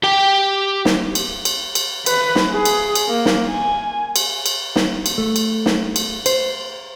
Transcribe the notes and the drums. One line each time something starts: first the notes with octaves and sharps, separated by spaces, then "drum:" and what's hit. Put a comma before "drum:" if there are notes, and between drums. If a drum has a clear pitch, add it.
G4 G5
drum: snare
drum: cymbal
drum: cymbal
drum: cymbal
B4, drum: cymbal
drum: snare
G#4
drum: cymbal
drum: cymbal
A#3
drum: snare
G#5
drum: cymbal
drum: cymbal
drum: snare
drum: cymbal
A3
drum: cymbal
drum: snare
drum: cymbal
C5, drum: cymbal